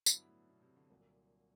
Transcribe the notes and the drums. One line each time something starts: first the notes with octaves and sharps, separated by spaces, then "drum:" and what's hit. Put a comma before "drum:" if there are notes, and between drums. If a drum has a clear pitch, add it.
G2 D3 F#3 B3 E4, drum: tambourine
A2
B2
C3
D3
C2 A#2 F#3